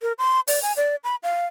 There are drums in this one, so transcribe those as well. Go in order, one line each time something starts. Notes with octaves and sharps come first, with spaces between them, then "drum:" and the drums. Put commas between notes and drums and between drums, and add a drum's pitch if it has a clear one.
A#4
C6
D5, drum: open hi-hat
G#5
D5
B5
F5